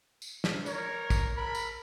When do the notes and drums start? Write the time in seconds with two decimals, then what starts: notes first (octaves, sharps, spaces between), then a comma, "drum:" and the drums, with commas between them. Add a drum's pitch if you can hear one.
0.22 drum: tambourine
0.44 drum: snare
0.66 A#4 C#5, drum: tambourine
1.10 drum: kick, tambourine
1.37 A#4 B5
1.55 drum: tambourine